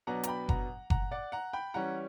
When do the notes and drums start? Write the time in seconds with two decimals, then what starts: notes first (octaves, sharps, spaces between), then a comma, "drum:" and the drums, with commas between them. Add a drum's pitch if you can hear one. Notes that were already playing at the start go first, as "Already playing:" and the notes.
0.07 B2 F#3 B3 D4 F#5 A#5
0.23 A#5, drum: hi-hat
0.27 G5 B5
0.49 F#5 A#5, drum: kick F#1
0.90 F#5 A#5, drum: kick F#1
1.11 D5 F#5
1.32 F#5 A#5
1.53 G5 B5
1.74 E3 G3 C#4 F#5 A#5